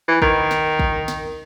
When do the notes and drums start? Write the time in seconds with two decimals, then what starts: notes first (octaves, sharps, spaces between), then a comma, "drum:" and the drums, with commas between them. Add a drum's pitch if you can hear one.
0.08 E3
0.22 D#3, drum: kick
0.51 drum: snare
0.79 drum: kick
1.08 drum: snare